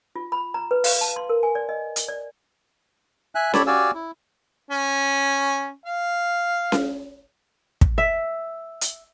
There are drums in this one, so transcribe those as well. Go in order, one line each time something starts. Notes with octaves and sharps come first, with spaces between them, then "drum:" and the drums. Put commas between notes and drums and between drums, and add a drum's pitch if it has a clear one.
F4
B5
A#5
B4
F5, drum: open hi-hat
A5
C6
A#4
G#5
D5
D#5
drum: hi-hat
D5
E5 G#5 F#6
G4 A4 C#5 D5 B5 E6, drum: snare C#4
F#4 G4 D5 F5 G#5 E6
E4
C#4
F5
drum: snare C#4
drum: kick
E5
drum: hi-hat